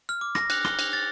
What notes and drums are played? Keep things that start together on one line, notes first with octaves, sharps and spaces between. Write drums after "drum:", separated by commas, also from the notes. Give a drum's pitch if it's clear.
F6
D6
A#6, drum: rim click
F#6, drum: cymbal
G7, drum: rim click
drum: cymbal
A6